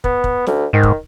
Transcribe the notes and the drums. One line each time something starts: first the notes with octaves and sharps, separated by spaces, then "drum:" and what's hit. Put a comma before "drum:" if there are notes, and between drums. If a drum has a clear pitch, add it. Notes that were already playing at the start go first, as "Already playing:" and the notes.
B3, drum: kick
drum: kick
D2, drum: snare
G#2 D#3
drum: kick